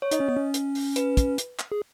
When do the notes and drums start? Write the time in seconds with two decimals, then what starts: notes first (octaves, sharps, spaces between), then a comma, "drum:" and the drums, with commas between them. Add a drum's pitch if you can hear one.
0.02 C#5
0.11 D#4 D#5, drum: hi-hat
0.20 C#4
0.29 B3
0.36 C#4
0.54 drum: hi-hat
0.75 drum: open hi-hat
0.96 B4, drum: hi-hat
1.17 drum: kick, hi-hat
1.38 drum: hi-hat
1.59 drum: clap
1.72 G#4